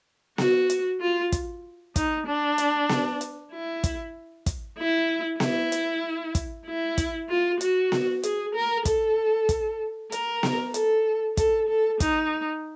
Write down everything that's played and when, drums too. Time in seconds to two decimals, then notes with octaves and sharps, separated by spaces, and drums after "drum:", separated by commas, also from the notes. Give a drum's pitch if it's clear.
0.38 F#4, drum: snare B3
0.70 drum: hi-hat
1.01 F4
1.32 drum: kick, hi-hat
1.96 D#4, drum: kick, hi-hat
2.26 D4
2.58 drum: hi-hat
2.89 drum: snare B3
3.21 drum: hi-hat
3.53 E4
3.84 drum: kick, hi-hat
4.46 drum: kick, hi-hat
4.78 E4
5.40 E4, drum: snare B3
5.72 drum: hi-hat
6.35 drum: kick, hi-hat
6.66 E4
6.98 drum: kick, hi-hat
7.29 F4
7.61 F#4, drum: hi-hat
7.92 drum: snare B3
8.23 G#4, drum: hi-hat
8.55 A#4
8.85 A4, drum: kick, hi-hat
9.49 drum: kick, hi-hat
10.12 A#4, drum: hi-hat
10.43 drum: snare B3
10.74 A4, drum: hi-hat
11.37 A4, drum: kick, hi-hat
11.68 A4
12.00 D#4, drum: kick, hi-hat